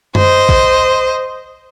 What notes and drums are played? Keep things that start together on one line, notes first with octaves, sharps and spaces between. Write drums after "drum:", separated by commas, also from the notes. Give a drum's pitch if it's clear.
C5 D#5, drum: tom F#2
drum: kick A#1